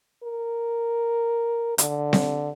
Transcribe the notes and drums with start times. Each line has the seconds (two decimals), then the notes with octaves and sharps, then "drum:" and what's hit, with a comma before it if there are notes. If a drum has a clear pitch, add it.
0.24 A#4
1.78 D3, drum: hi-hat
2.13 drum: snare C4